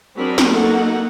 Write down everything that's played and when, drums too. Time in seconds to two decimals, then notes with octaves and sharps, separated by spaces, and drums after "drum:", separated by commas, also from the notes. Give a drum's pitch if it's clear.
0.16 F#3 C4 D4 G#4 A#4 B5
0.38 drum: snare
0.51 A#3 D#4 F#4 A4 F#5